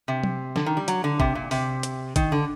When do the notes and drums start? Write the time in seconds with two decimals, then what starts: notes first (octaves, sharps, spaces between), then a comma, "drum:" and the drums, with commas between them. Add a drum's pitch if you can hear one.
0.08 C3
0.23 drum: tom F#3
0.56 D3, drum: snare
0.66 D#3
0.77 G3
0.88 F#3, drum: hi-hat
1.04 D3
1.20 C3, drum: kick
1.35 A#2
1.51 C3, drum: open hi-hat
1.83 drum: hi-hat
2.16 D#3, drum: kick, hi-hat
2.32 D3